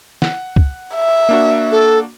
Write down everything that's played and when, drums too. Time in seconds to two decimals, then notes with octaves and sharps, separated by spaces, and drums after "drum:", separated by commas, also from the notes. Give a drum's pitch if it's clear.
0.22 F#5, drum: snare
0.56 drum: kick
0.95 E5
1.29 A#3 D4 F#4
1.71 A4